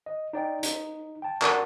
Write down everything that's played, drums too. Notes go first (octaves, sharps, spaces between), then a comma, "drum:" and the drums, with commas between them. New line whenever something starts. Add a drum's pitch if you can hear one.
D#5
D#4 D5 G5
D#4, drum: hi-hat
G5 A5
F#4 A#4 D5 F#5 A5, drum: clap